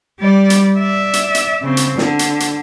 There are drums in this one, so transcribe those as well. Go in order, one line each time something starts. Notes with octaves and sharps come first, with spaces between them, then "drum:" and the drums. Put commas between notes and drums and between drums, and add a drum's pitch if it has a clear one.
G3 D5
drum: hi-hat
D5 E5
drum: hi-hat
drum: hi-hat
C#3 C4
drum: hi-hat
D3, drum: snare
drum: hi-hat
drum: hi-hat